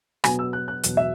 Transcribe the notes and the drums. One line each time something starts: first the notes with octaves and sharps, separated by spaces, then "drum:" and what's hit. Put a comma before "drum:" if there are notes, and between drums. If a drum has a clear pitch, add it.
B2 F#3 B3 G#5, drum: rim click
E6
F#6
F#6
E2 B2 F#3 B3, drum: hi-hat
E5